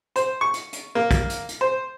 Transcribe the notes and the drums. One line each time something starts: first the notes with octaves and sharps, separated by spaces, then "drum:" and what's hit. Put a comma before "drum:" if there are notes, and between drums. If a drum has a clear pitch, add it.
C5, drum: hi-hat
C#6
drum: hi-hat
drum: hi-hat
A#3
drum: kick, hi-hat
drum: hi-hat
drum: hi-hat
C5